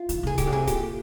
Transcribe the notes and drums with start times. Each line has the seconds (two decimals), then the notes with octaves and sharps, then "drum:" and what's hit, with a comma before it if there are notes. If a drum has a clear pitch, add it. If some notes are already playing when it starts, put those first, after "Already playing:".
Already playing: F4
0.09 D#3, drum: hi-hat
0.23 C#3 G#4
0.38 A#2 G4, drum: kick, hi-hat
0.47 C#3
0.53 C3 G#4
0.67 A#2 G4, drum: kick, hi-hat